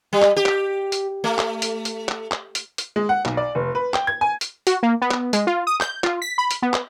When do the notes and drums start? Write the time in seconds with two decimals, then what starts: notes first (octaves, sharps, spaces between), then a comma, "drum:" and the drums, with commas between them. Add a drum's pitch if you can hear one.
0.13 G3
0.22 drum: clap
0.36 G4
0.46 drum: clap
0.92 drum: hi-hat
1.24 A3
1.39 drum: clap
1.62 drum: hi-hat
1.85 drum: hi-hat
2.09 drum: clap
2.32 drum: clap
2.55 drum: hi-hat
2.78 drum: hi-hat
2.96 G#3
3.09 F#5
3.25 B1, drum: clap
3.37 D5
3.55 F1
3.75 B4
3.94 G5, drum: clap
4.07 G#6
4.21 G#5
4.41 drum: hi-hat
4.67 F#4, drum: hi-hat
4.83 A#3
5.02 B3
5.11 drum: clap
5.33 G#3, drum: hi-hat
5.47 F4
5.67 D#6
5.81 G6, drum: clap
6.04 F4, drum: clap
6.22 B6
6.38 B5
6.51 drum: hi-hat
6.62 B3
6.74 drum: clap